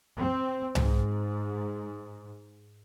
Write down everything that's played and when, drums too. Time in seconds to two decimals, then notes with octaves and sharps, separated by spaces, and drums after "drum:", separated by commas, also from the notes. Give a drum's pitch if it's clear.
0.18 C4
0.75 G#2, drum: tom C2